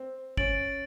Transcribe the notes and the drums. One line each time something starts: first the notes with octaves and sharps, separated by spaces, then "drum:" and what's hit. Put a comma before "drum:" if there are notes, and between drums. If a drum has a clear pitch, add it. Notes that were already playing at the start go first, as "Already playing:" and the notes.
Already playing: C4
C#4 A6 D7 F#7, drum: kick